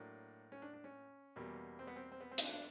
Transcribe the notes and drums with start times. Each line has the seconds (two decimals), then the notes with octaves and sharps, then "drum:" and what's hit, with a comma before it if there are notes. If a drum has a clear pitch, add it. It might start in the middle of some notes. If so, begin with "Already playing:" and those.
Already playing: A2 F#3 A#3 D4
0.52 C#4
0.62 D4
0.73 D4
0.84 C#4
1.36 E2 B2 G3 A#3
1.79 C4
1.87 B3
1.96 C4
2.12 C4
2.21 B3
2.31 C4
2.38 D#4, drum: hi-hat
2.42 D4
2.53 D4